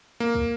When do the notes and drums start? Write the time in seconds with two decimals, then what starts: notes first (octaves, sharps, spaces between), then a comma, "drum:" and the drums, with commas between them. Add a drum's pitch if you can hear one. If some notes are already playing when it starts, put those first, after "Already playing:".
0.20 A#3
0.35 drum: kick